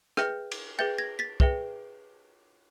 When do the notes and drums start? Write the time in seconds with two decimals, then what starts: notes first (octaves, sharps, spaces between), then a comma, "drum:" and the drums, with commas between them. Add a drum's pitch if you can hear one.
0.17 G#4 B4 E5 G5 F6 G6, drum: rim click
0.52 drum: cymbal
0.79 G#4 B4 E5 G5 G6 A6
0.98 G#6 A#6
1.19 A6 B6
1.40 G#4 B4 E5 G5, drum: kick